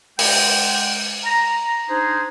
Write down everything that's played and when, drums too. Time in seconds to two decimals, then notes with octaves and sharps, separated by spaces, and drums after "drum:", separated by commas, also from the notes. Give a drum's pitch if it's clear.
0.19 G#3 F#5 G5, drum: open hi-hat
1.24 A#5
1.89 D4 D#4 G#4 C5